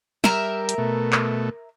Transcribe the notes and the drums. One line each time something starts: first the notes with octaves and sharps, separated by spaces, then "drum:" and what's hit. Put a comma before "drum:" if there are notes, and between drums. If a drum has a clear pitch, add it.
G3 A#4 E5, drum: snare
drum: hi-hat
B2 A3
drum: clap